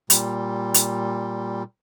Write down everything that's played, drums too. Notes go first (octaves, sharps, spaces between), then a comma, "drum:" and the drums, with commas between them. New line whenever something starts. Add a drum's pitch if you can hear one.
A#2 G3, drum: hi-hat
drum: hi-hat